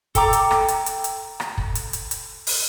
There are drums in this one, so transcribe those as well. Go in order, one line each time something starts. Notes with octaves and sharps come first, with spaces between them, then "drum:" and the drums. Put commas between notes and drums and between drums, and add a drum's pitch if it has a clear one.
A4 G5 A#5 D6, drum: kick, hi-hat
drum: hi-hat
drum: rim click
drum: hi-hat
drum: hi-hat
drum: hi-hat
drum: rim click
drum: kick
drum: hi-hat
drum: hi-hat
drum: hi-hat
drum: open hi-hat